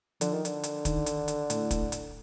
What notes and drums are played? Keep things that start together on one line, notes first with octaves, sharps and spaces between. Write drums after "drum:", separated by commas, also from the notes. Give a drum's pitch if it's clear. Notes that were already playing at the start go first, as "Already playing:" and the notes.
D3 F3, drum: hi-hat
D#3
D3, drum: hi-hat
drum: hi-hat
D#3, drum: kick, hi-hat
drum: hi-hat
drum: hi-hat
A2, drum: hi-hat
drum: kick, hi-hat
drum: hi-hat